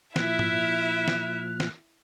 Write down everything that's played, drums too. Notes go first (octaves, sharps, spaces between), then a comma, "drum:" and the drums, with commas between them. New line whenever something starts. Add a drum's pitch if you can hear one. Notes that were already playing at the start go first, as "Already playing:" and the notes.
A#2 F3 E4 E5 F6 F#6, drum: snare
drum: tom G#2
drum: snare
drum: snare